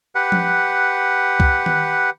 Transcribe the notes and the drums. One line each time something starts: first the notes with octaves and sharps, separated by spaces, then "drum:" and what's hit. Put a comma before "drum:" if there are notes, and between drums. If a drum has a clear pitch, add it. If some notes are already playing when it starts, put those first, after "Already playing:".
G4 B4 F#5
drum: tom F3
drum: kick
drum: tom D#3